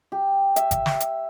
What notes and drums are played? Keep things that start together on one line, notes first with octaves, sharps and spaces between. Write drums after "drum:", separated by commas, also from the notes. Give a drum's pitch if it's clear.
G4
E5, drum: hi-hat
drum: kick G#1, hi-hat
drum: snare
drum: hi-hat